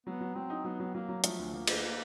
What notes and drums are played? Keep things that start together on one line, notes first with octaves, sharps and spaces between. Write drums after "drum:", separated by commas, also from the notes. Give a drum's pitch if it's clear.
F#3 B3
F#3
F#3 C4
D#4
F#3 B3
F#3
F#3 A#3
F#3
F3 A3, drum: hi-hat
D2
F3 A#3
D2, drum: cymbal
A#3